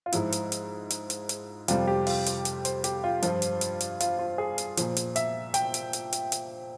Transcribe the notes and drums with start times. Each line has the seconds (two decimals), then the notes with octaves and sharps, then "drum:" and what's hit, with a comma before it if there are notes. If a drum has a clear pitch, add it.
0.06 F4
0.12 G#2 F3 E4, drum: hi-hat
0.32 drum: hi-hat
0.52 drum: hi-hat
0.90 drum: hi-hat
1.10 drum: hi-hat
1.29 drum: hi-hat
1.68 F2 C3 G3 F4, drum: hi-hat
1.87 G4
2.07 F4, drum: open hi-hat
2.26 F4, drum: hi-hat
2.45 drum: hi-hat
2.65 C5, drum: hi-hat
2.84 G4, drum: hi-hat
3.04 F4
3.22 G2 F3, drum: hi-hat
3.42 drum: hi-hat
3.61 drum: hi-hat
3.80 drum: hi-hat
4.00 F4, drum: hi-hat
4.19 F4
4.38 G#4
4.58 drum: hi-hat
4.77 A#2 F3, drum: hi-hat
4.96 drum: hi-hat
5.16 E5, drum: hi-hat
5.54 G5, drum: hi-hat
5.74 drum: hi-hat
5.93 drum: hi-hat
6.13 drum: hi-hat
6.32 drum: hi-hat